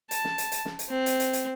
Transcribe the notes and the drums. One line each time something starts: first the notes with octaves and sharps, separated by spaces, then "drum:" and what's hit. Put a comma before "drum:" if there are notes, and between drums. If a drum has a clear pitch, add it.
A5, drum: hi-hat
drum: snare
drum: hi-hat
drum: hi-hat
drum: snare
drum: hi-hat
C4
drum: hi-hat
drum: hi-hat
drum: hi-hat